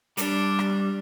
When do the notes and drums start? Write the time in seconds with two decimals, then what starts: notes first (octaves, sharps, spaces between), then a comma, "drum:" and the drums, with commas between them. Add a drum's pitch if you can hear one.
0.17 G3 D4, drum: hi-hat
0.59 drum: rim click